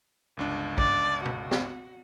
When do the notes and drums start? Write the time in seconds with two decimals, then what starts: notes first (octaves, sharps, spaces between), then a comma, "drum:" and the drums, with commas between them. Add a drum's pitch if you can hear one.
0.37 G1 C#2 D4
0.78 D5, drum: kick
1.25 F#4, drum: tom
1.51 drum: snare